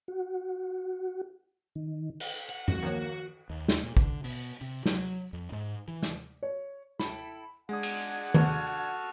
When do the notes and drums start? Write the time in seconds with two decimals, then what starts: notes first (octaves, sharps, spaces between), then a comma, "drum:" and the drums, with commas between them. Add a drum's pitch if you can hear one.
0.08 F#4
1.75 D#3
2.20 drum: cymbal
2.50 F#5
2.68 F#2 F#4, drum: tom F#2
2.83 D#3 F3 A#3 C#5
3.49 D#2
3.68 drum: snare
3.83 A#2
3.97 D3, drum: kick A1
4.24 B2, drum: open hi-hat
4.61 C3
4.86 F#3, drum: snare
5.33 F2
5.52 G#2
5.88 E3
6.03 drum: snare
6.43 C#5
7.00 E4 A4 G5 B5, drum: snare
7.69 G#3 D4 F#5 D#6 G#6
7.83 drum: cymbal
8.34 F#4 A4 F6, drum: tom D#3